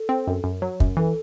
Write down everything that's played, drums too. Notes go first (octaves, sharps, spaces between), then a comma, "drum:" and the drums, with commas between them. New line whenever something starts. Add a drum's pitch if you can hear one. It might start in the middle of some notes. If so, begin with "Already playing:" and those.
Already playing: A4
C4
F#2
F#2
F#3
F#2, drum: kick
E3 A4